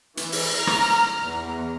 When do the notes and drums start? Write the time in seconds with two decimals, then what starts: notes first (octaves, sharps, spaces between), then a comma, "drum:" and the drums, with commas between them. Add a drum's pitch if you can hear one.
0.17 E3, drum: hi-hat
0.32 drum: open hi-hat
0.54 A#5 F6
0.67 drum: rim click
1.20 E2